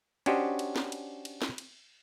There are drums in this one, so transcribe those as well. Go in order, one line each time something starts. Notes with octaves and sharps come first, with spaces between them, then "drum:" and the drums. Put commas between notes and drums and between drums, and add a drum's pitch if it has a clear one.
C#4 D4 F#4 G4 C5 D#5, drum: cymbal
drum: cymbal
drum: snare
drum: cymbal
drum: cymbal
drum: snare
drum: cymbal